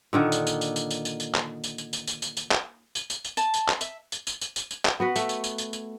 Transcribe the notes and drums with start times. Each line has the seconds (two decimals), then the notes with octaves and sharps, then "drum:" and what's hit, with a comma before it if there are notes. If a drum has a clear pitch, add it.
0.13 A#2 D3 D#3
0.32 drum: tambourine
0.47 drum: tambourine
0.61 drum: tambourine
0.76 drum: tambourine
0.91 drum: tambourine
1.05 drum: tambourine
1.20 drum: tambourine
1.34 drum: clap
1.64 drum: tambourine
1.78 drum: tambourine
1.93 drum: tambourine
2.08 drum: tambourine
2.22 drum: tambourine
2.37 drum: tambourine
2.51 drum: clap
2.95 drum: tambourine
3.10 drum: tambourine
3.24 drum: tambourine
3.37 A5, drum: tambourine
3.54 drum: tambourine
3.68 drum: clap
3.81 E5, drum: tambourine
4.12 drum: tambourine
4.27 drum: tambourine
4.41 drum: tambourine
4.56 drum: tambourine
4.71 drum: tambourine
4.85 drum: clap
5.00 B3 F#4 B4
5.16 A3, drum: tambourine
5.29 drum: tambourine
5.44 drum: tambourine
5.58 drum: tambourine
5.73 drum: tambourine